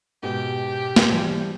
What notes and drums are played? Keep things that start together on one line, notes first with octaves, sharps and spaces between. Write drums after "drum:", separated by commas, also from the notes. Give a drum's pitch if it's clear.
G#2 B2 G4
drum: snare
E3 F3 G3